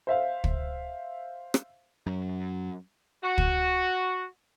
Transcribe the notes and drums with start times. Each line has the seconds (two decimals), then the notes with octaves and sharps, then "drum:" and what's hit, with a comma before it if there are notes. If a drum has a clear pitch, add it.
0.07 C5 E5 F5
0.44 drum: kick
1.54 drum: rim click
2.06 F#2
3.23 F#4
3.38 drum: kick